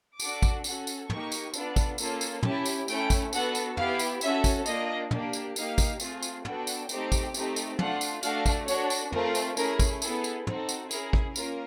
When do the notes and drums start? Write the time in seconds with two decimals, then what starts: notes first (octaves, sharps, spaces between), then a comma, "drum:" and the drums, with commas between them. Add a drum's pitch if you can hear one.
0.20 D4 F#4 A4 D6, drum: tambourine
0.42 drum: kick A1, tambourine
0.64 C#4 F#4 A4, drum: tambourine
0.87 drum: tambourine
1.10 A#3 D#4 G4 C#6, drum: tom
1.32 drum: tambourine
1.54 B3 D4 F4 A4, drum: tambourine
1.76 drum: kick A1, tambourine
1.98 A#3 C#4 F4 A4, drum: tambourine
2.21 drum: tambourine
2.43 C#4 E4 G4 A5, drum: tom
2.66 drum: tambourine
2.88 A3 C#4 E4 A4 G5, drum: tambourine
3.10 drum: kick A1, tambourine
3.33 B3 D4 F#4 A4 F#5, drum: tambourine
3.55 drum: tambourine
3.77 B3 E4 G4 F5, drum: tom
3.99 drum: tambourine
4.21 C#4 F#4 A4 E5, drum: tambourine
4.44 drum: kick A1, tambourine
4.66 A#3 D4 F4 D#5, drum: tambourine
5.11 A#3 D4 G4, drum: tom
5.33 drum: tambourine
5.56 A#3 D#4 G4 F5, drum: tambourine
5.78 drum: kick A1, tambourine
6.00 A3 C4 F4 G#4, drum: tambourine
6.23 drum: tambourine
6.45 B3 D4 F#4 A4 G5, drum: tom
6.67 drum: tambourine
6.89 A3 C4 D#4 G4, drum: tambourine
7.12 drum: kick A1, tambourine
7.34 A3 C4 D#4 G4, drum: tambourine
7.56 drum: tambourine
7.79 A3 D4 F4 F#5, drum: tom
8.01 drum: tambourine
8.23 A3 D4 F#4 F5, drum: tambourine
8.46 drum: kick A1, tambourine
8.68 D4 F#4 A4 C#5, drum: tambourine
8.90 drum: tambourine
9.12 A3 C4 F4 A#4, drum: tom
9.35 drum: tambourine
9.57 A3 C#4 E4 G#4 A#4, drum: tambourine
9.79 drum: kick A1, tambourine
10.02 B3 E4 G#4 A4, drum: tambourine
10.24 drum: tambourine
10.47 C4 D#4 F#4 A4, drum: tom
10.69 drum: tambourine
10.91 C#4 E4 G#4 A#4, drum: tambourine
11.13 drum: kick A1
11.36 A#3 C#4 F4 A#4, drum: tambourine